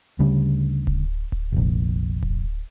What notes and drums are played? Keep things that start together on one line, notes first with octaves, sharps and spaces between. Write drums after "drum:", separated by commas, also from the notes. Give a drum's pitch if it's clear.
D2 C#3 G3 C#4
drum: kick D1
drum: kick D1
F1 A#1
drum: kick D1